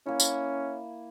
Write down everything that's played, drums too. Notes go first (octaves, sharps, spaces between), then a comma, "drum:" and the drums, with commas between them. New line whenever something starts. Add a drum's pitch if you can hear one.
A#3 C#4 E4
drum: tambourine